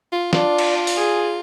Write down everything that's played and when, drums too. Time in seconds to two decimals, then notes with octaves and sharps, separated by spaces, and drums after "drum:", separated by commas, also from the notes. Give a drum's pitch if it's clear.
0.12 F4
0.33 D4 F4, drum: snare
0.58 drum: cymbal
0.87 drum: open hi-hat
0.97 G#4